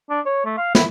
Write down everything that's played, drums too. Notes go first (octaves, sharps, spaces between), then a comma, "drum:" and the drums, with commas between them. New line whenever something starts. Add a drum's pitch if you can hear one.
D4
C#5
A3
F5
E4, drum: snare